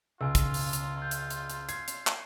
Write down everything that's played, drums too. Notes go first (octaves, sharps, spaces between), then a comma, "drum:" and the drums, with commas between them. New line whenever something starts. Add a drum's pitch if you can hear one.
C#2 F4 G#5 E6
drum: kick, hi-hat
drum: open hi-hat
drum: hi-hat
C6 G6
drum: hi-hat
drum: hi-hat
drum: hi-hat
G#6 C7, drum: hi-hat
drum: hi-hat
drum: clap